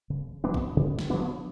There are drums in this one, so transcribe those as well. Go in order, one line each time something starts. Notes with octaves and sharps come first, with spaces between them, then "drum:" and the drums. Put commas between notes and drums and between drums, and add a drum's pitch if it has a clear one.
C#3
F3 B3 D4
drum: kick A#1
C#3
drum: snare
F3 B3 D4